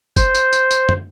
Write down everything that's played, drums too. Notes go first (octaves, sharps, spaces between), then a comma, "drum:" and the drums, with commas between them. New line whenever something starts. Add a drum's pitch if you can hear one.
C5, drum: kick, tambourine
drum: tambourine
drum: tambourine
drum: tambourine
drum: tom